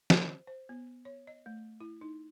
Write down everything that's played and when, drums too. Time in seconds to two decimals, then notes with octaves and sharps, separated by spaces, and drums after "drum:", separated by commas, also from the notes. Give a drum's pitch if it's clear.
0.10 C5, drum: snare
0.47 C5
0.69 B3
1.05 C#5
1.27 D#5
1.46 A3
1.81 E4
2.01 D#4